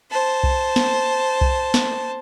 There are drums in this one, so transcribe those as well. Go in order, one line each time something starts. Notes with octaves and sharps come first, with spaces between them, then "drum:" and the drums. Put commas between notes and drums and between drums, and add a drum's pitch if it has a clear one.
C5 A5
drum: kick C2
drum: snare
drum: kick C2
drum: snare